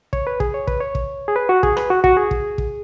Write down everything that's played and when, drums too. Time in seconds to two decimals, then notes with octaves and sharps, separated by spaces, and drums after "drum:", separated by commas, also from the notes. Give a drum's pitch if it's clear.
0.13 C#5, drum: kick
0.27 B4
0.40 G#4, drum: kick
0.54 C#5
0.67 B4, drum: kick
0.81 C#5
0.95 drum: kick
1.28 G#4
1.36 B4
1.49 F#4
1.63 G#4, drum: kick
1.77 B4, drum: rim click
1.90 F#4
2.04 F#4, drum: kick
2.17 G#4
2.31 drum: kick
2.58 drum: kick